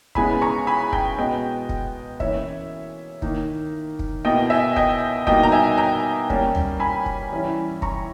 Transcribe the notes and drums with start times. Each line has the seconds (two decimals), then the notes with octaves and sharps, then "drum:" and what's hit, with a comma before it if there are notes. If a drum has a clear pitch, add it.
0.15 C#3 G#3 B3 E4 G#5 B5, drum: kick
0.42 A#5 C#6
0.67 G#5 B5
0.92 G5 A#5, drum: kick
1.18 B2 G#3 B3 D#5 G5
1.69 drum: kick
2.20 E3 A#3 C#4 E4 C#5 E5, drum: kick
3.22 D#3 A#3 D#4, drum: kick
3.99 drum: kick
4.25 B2 A#3 E4 D#5 G5
4.50 E5 G#5
4.76 D#5 G5, drum: kick
5.27 B2 G3 A#3 D#4 D#5 G5, drum: kick
5.43 A#5
5.52 E5 G#5
5.78 G5 A#5
6.30 G3 A#3 C#4, drum: kick
6.55 drum: tom
6.80 G#5 B5
7.06 drum: kick
7.32 E3 G3 C#4 E4
7.82 A#5 C#6, drum: kick